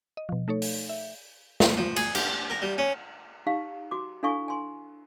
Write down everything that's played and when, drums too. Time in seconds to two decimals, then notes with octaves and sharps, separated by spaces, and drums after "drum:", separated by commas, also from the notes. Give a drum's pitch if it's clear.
0.17 D#5
0.29 B2 F3
0.48 A3 D#4 A4 C#5
0.62 drum: open hi-hat
0.89 E5
1.60 drum: snare
1.77 F3
1.96 G#4, drum: cymbal
2.15 G4, drum: cymbal
2.50 A#4
2.62 G3
2.78 C#4
3.47 D#4 G4 F5
3.91 F#4 D6
4.23 D4 E4 A4 F5 G#5 C#6
4.48 G#5 C6